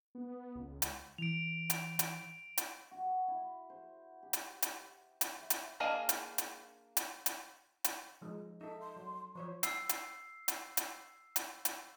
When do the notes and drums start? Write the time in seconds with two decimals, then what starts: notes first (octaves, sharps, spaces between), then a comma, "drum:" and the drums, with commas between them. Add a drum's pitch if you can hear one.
0.15 B3
0.55 C#2
0.82 drum: hi-hat
1.18 E3 D7 F7
1.70 drum: hi-hat
1.99 drum: hi-hat
2.58 drum: hi-hat
2.91 F#4
3.28 E4
3.70 C5
4.23 G4
4.33 drum: hi-hat
4.62 drum: hi-hat
5.21 drum: hi-hat
5.36 E5
5.50 drum: hi-hat
5.80 A#3 D4 G#4 D#5 F5
6.09 drum: hi-hat
6.38 drum: hi-hat
6.97 drum: hi-hat
7.26 drum: hi-hat
7.84 drum: hi-hat
8.21 F3 G#3 D#4
8.61 D#4 A4 E5
8.81 C6
8.96 F#3
9.35 F3 C5 C#5 C#6
9.63 E6 C7, drum: hi-hat
9.89 drum: hi-hat
10.48 drum: hi-hat
10.77 drum: hi-hat
11.36 drum: hi-hat
11.65 drum: hi-hat